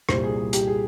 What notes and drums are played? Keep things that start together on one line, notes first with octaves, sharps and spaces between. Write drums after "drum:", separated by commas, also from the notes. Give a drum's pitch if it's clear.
C2 A#2 G3 C5, drum: rim click
G#4
G#4
G4, drum: hi-hat
G#4